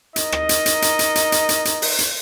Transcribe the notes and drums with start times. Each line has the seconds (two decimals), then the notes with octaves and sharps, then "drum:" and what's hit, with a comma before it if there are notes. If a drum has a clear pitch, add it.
0.16 D#4 A#4 D#5, drum: hi-hat
0.32 drum: rim click
0.49 drum: hi-hat
0.66 drum: hi-hat
0.82 drum: hi-hat
0.99 drum: hi-hat
1.15 drum: hi-hat
1.32 drum: hi-hat
1.49 drum: hi-hat
1.65 drum: hi-hat
1.82 drum: open hi-hat
1.99 drum: hi-hat